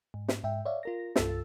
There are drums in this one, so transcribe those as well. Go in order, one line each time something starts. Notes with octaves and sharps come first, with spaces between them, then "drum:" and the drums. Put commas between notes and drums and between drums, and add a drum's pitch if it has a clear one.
G#2
drum: snare
G#2 E5 G5
C#5 D5 E5 F5
F4 A#4 A#6
C2 G2 F4 A4 E6 A6, drum: snare